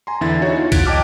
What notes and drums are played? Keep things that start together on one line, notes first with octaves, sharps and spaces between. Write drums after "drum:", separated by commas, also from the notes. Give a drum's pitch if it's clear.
G#5 A#5 C6
E2 D3 E4 A4 A6
D#4 E4 F#4 C#5
F4
F#6 G#6 A6 B6 D7, drum: kick C2, cymbal
D#5 G5 A5 D6 F6